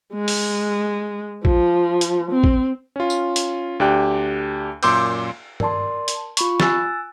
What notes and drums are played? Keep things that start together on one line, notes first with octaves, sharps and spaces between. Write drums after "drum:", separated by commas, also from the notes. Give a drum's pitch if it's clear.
G#3
drum: open hi-hat
F3, drum: kick
drum: hi-hat
C4
drum: kick
C#4 F4
drum: tambourine
drum: hi-hat
D2 D4 G4 G5 F#6
F#2 A#2 C6 D6 E6 G6, drum: cymbal
A#4 D5 A5 C6, drum: tom G2
drum: hi-hat
F4 B5 C#6, drum: hi-hat
G#5 E6 F#6 A6, drum: snare